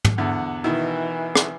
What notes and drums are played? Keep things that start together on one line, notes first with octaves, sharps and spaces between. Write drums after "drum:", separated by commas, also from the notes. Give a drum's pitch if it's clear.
drum: tom
E2 D3 F#5
B2 D#3 E3 E4
drum: rim click